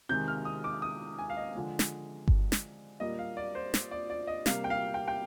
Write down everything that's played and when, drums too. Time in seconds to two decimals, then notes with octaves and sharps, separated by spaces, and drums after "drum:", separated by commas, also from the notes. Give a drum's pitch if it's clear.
0.09 C3 D#3 G#3 G6
0.28 F6
0.45 D#6
0.64 D6
0.82 D#6
1.19 G#5
1.30 F5
1.37 D#5
1.55 D3 F3 G#3
1.79 drum: snare
2.28 drum: kick G1
2.52 drum: snare
3.00 A#2 G3 A#3 D#5
3.19 F5
3.37 D5
3.55 C5
3.74 C5, drum: snare
3.91 D5
4.10 D5
4.27 D#5
4.46 C3 G3 A#3 F5, drum: snare
4.64 G5
4.70 F5
4.94 G5
5.08 G5